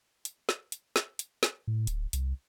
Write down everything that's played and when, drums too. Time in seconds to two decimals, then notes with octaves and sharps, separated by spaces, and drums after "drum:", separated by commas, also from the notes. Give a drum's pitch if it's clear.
0.25 drum: hi-hat
0.49 drum: snare
0.72 drum: hi-hat
0.96 drum: snare
1.19 drum: hi-hat
1.43 drum: snare
1.67 A2
1.87 D1, drum: hi-hat
2.13 C2, drum: hi-hat